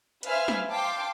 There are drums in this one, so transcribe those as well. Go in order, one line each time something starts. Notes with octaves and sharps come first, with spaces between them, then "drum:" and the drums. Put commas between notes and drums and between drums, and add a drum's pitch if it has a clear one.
B4 C5 E5 F5 G#5 F6, drum: hi-hat
drum: snare
F5 G5 A5 C6 D6